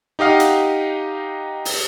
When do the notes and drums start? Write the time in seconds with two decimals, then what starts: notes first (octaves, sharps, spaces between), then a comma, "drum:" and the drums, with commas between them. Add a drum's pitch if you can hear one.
0.19 D#4 G4 D#5 F5 F#5
0.40 drum: hi-hat
1.65 drum: open hi-hat